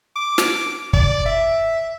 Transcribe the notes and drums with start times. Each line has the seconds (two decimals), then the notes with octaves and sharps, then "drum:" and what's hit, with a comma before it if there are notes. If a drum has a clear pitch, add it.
0.16 D6
0.38 drum: snare
0.93 D5, drum: kick
1.26 E5